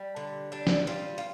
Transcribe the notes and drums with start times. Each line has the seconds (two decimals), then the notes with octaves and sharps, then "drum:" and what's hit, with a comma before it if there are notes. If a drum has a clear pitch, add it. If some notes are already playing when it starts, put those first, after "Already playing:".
Already playing: G3
0.16 D3
0.52 G3 D4
0.67 drum: snare
0.87 G3 F4
1.18 F4